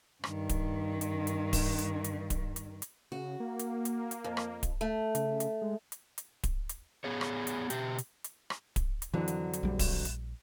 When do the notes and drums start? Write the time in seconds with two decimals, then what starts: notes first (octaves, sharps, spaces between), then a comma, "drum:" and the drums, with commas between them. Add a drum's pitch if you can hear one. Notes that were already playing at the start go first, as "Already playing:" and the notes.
0.24 G2 D#3, drum: rim click
0.49 drum: kick D1, hi-hat
1.01 drum: hi-hat
1.27 drum: hi-hat
1.53 drum: kick D1, open hi-hat
1.79 drum: hi-hat
2.04 drum: hi-hat
2.30 drum: kick D1, hi-hat
2.56 drum: hi-hat
2.82 drum: hi-hat
3.12 C#3 F#4
3.40 A#3
3.59 drum: hi-hat
3.85 drum: hi-hat
4.11 drum: hi-hat
4.24 F2
4.37 drum: rim click
4.63 drum: kick D1, hi-hat
4.81 A3
5.15 C#3, drum: hi-hat
5.40 drum: hi-hat
5.62 G#3
5.92 drum: hi-hat
6.18 drum: hi-hat
6.44 drum: kick D1, hi-hat
6.69 drum: hi-hat
7.04 B3 G#4 C#5
7.21 drum: rim click
7.47 drum: hi-hat
7.70 B2 G4, drum: hi-hat
7.98 drum: hi-hat
8.24 drum: hi-hat
8.50 drum: rim click
8.76 drum: kick D1, hi-hat
9.02 drum: hi-hat
9.14 F2 D3 E3 F#3
9.28 drum: hi-hat
9.53 drum: hi-hat
9.63 A#1 G3
9.79 drum: kick D1, open hi-hat
10.05 drum: hi-hat